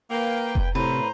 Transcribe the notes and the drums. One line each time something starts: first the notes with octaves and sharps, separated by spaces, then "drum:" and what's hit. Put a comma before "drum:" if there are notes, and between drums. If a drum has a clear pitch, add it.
A#3 B4 G5
drum: kick F1
A2 C3 B4 C5 A#5